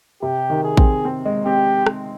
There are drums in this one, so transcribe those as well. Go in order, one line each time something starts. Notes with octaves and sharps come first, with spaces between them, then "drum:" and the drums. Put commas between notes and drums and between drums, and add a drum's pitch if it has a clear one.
C3 G4
D#3
G#4
C4, drum: kick A1
C4
G#3
C4 G4
drum: rim click